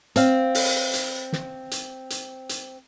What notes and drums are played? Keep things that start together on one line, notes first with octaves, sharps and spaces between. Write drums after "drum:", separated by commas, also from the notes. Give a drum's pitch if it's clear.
C4 F5, drum: hi-hat
drum: open hi-hat
drum: hi-hat
drum: snare
drum: hi-hat
drum: hi-hat
drum: hi-hat